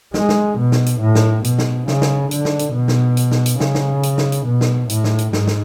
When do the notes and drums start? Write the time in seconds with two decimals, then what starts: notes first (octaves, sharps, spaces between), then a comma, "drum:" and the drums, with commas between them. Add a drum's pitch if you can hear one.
0.14 G#3, drum: snare
0.29 drum: snare
0.58 B2
0.72 drum: snare
0.86 drum: hi-hat
1.01 A2
1.15 drum: snare
1.44 B2, drum: hi-hat
1.58 drum: snare
1.88 C#3, drum: snare
2.02 drum: snare
2.31 D3, drum: hi-hat
2.45 drum: snare
2.59 drum: hi-hat
2.74 B2
2.88 drum: snare
3.17 drum: hi-hat
3.31 drum: snare
3.46 drum: hi-hat
3.60 C#3, drum: snare
3.74 drum: snare
4.03 drum: hi-hat
4.18 drum: snare
4.32 drum: hi-hat
4.46 B2
4.61 drum: snare
4.90 A2, drum: hi-hat
5.04 drum: snare
5.18 drum: hi-hat
5.33 G#2, drum: snare
5.47 drum: snare